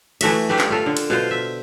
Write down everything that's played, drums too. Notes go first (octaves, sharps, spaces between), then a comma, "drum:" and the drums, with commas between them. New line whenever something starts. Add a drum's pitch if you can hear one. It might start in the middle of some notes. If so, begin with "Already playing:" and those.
E3 A3 F#4 E5, drum: cymbal
A3 D4 G4 B4
drum: clap
F4 A4 A#4
D3
drum: cymbal
B2 F4 C5
E5